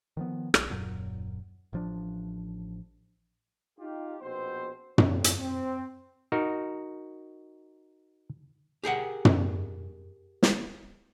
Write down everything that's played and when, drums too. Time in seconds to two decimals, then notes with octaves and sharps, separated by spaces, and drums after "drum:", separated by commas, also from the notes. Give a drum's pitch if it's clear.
0.17 D#3 F3 B3
0.54 B1, drum: rim click
0.70 D#1 F#2 A#2 F#3
1.73 A1 F3 D4
3.79 D#4 F4 G4
4.22 A#1 B2 B3 C4 C5
4.98 F2 C#5, drum: tom
5.24 drum: hi-hat
5.39 C4
6.32 D#4 F#4 A#4
8.84 G4 G#4 A#4 F#5
9.25 drum: tom
10.43 drum: snare